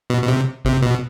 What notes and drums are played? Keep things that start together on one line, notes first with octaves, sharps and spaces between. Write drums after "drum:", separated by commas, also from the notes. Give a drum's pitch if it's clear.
B2
B2
C3
C3, drum: kick G#1
B2